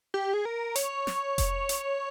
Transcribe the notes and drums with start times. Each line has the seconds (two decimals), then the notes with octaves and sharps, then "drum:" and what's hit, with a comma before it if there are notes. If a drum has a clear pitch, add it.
0.14 G4
0.34 G#4
0.45 A#4
0.76 C#5, drum: hi-hat
1.07 drum: snare
1.38 drum: kick F1, hi-hat
1.69 drum: hi-hat